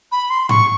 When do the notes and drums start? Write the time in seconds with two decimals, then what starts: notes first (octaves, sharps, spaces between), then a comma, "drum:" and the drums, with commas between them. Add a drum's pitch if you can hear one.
0.12 B5
0.30 C6
0.49 C#6, drum: tom G#2